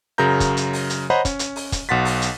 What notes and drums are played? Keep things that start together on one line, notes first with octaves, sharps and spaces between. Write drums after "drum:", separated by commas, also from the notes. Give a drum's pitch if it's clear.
F#2 C#3 F#3 A#4 A#5 G6
drum: kick, hi-hat
drum: hi-hat
drum: open hi-hat
drum: hi-hat
C5 C#5 D#5 F#5 A#5 B5
C#4, drum: kick, hi-hat
drum: hi-hat
drum: open hi-hat
drum: kick, hi-hat
B1 B2 F#5 C6 A6 B6
drum: open hi-hat
drum: hi-hat